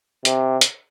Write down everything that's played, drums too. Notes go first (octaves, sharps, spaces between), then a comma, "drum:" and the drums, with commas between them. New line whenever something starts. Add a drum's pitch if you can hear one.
C3, drum: hi-hat
drum: hi-hat